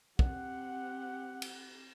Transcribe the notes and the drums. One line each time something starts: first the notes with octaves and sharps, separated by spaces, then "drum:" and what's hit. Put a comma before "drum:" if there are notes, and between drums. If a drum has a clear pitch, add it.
C4 G4 F#5, drum: kick
drum: cymbal